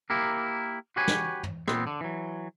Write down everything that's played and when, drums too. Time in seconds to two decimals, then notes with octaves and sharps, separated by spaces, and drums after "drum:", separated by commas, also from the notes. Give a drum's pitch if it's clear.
0.10 A#3 E4 G4 A#4
0.96 F#4 G4 B4 C#5 G#5
1.08 drum: snare
1.43 drum: tom
1.68 A#2 B3 C4, drum: rim click
1.87 D3
2.01 E3 F#3